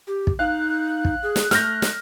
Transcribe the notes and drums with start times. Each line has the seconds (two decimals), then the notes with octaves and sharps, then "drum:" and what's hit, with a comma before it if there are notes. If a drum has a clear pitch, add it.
0.07 G4
0.27 drum: kick
0.39 D#4 F5 F#6
1.05 drum: kick
1.23 G#4
1.36 drum: snare
1.51 A3 F6 G6 A#6, drum: snare
1.82 drum: snare